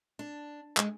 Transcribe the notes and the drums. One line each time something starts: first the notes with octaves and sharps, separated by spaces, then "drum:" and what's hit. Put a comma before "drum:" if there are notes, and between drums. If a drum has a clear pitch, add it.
D4
G#3, drum: clap